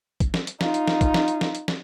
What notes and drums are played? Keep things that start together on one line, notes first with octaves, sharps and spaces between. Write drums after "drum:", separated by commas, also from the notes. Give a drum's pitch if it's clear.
drum: kick, hi-hat
drum: snare
drum: hi-hat
D#4 F4, drum: snare
drum: hi-hat
drum: snare
drum: kick, hi-hat
drum: snare
drum: hi-hat
drum: snare
drum: hi-hat
drum: snare